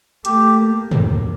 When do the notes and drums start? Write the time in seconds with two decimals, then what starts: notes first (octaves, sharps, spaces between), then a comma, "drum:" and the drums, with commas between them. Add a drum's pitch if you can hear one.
0.25 A3 G4, drum: hi-hat
0.58 A#3
0.91 drum: tom